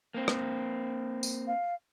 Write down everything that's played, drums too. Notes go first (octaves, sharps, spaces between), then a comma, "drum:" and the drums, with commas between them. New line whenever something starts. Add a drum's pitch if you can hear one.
A#3 C4
drum: rim click
drum: tambourine
F5